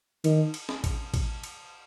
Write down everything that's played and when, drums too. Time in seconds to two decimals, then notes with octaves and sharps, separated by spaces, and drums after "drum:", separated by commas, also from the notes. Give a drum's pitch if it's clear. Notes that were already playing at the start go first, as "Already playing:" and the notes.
0.24 D#3, drum: cymbal
0.54 drum: cymbal
0.69 drum: snare
0.84 drum: kick A1, cymbal
1.14 drum: kick A1, cymbal
1.43 drum: cymbal